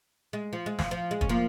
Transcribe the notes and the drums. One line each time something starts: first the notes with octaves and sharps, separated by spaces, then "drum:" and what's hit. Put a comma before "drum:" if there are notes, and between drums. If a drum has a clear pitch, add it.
G#3
F3
G#3
F3, drum: snare
F3
G#3
C#4, drum: kick
F3 A#3